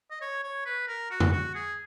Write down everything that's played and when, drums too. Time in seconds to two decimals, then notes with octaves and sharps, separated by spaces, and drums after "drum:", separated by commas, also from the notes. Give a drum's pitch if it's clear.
0.11 D#5
0.22 C#5
0.44 C#5
0.66 B4
0.88 A#4
1.11 F#4
1.20 drum: tom F2
1.32 F#4
1.55 G#4